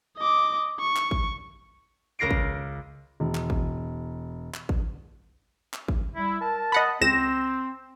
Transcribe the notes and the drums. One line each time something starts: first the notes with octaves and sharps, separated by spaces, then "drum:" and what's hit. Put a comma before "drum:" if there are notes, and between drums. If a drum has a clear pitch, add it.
D#5 D6
C#6
drum: clap
drum: kick
C#2 A#4 A#6 C7 D7
drum: kick
E1
drum: clap
drum: kick
drum: clap
drum: kick
drum: clap
drum: kick
G3 E4
A#4 A5
D#5 F#5 B5
C#2 C4 A#6 E7